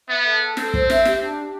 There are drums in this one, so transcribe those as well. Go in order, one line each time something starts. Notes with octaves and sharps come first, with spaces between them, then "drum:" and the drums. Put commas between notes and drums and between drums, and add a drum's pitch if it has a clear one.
B3 E5
A4
A4
C4 A4, drum: snare
C5, drum: kick
E5, drum: snare
G4, drum: snare
D4
G4